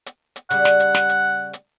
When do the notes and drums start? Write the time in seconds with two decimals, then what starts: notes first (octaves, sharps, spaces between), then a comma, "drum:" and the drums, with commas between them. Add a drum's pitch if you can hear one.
0.06 drum: hi-hat
0.36 drum: hi-hat
0.50 C#3 G3 F#5, drum: hi-hat
0.65 drum: snare
0.80 drum: hi-hat
0.95 drum: snare
1.09 drum: hi-hat
1.53 drum: hi-hat